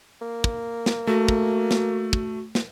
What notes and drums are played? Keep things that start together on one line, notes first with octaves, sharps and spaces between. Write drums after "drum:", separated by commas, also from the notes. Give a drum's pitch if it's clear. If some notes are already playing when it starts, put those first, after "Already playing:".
A#3
drum: kick
drum: snare
A3 F#4
drum: kick
drum: snare
drum: kick
drum: snare